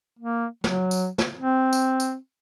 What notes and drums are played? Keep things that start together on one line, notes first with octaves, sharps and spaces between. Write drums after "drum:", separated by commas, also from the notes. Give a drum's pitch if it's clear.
A#3
F#3, drum: snare
drum: tambourine
drum: snare
C4
drum: tambourine
drum: tambourine